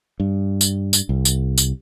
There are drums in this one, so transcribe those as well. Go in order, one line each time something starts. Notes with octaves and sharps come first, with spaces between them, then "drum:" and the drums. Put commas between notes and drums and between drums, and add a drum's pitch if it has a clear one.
G2
drum: tambourine
drum: tambourine
C2
drum: tambourine
drum: tambourine